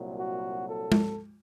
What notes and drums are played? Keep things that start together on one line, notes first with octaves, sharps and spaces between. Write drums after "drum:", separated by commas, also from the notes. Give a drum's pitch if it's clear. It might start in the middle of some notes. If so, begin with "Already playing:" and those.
Already playing: C2 A#2 F#3
F#4
A4
drum: tom G#3